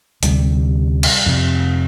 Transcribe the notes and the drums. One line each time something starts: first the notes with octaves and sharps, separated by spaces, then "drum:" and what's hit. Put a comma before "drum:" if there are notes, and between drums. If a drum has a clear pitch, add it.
D2 C3 G3, drum: hi-hat
drum: cymbal
F2 C3